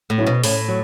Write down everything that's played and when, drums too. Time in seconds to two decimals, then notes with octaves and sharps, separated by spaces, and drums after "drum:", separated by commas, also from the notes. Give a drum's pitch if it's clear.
0.10 A2
0.18 F#3 C#4 E4
0.26 B2
0.43 A2 C#3, drum: open hi-hat
0.68 F#3